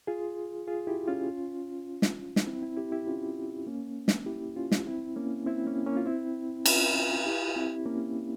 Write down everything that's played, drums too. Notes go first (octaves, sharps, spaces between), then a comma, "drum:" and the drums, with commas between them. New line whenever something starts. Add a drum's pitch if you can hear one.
F4 G#4
F4 G#4
E4 G4
C#4 F4
drum: snare
drum: snare
C4 E4
C4 E4
E4 G4
E4 G4
C#4 F4
A#3 C#4
drum: snare
E4 G4
C#4 F4
drum: snare
C4 E4
A#3 C#4
C4 E4
A#3 C#4
A#3 C#4
F4
C4 E4
C#4 F4, drum: cymbal
E4 G4
C4 E4
A#3 C#4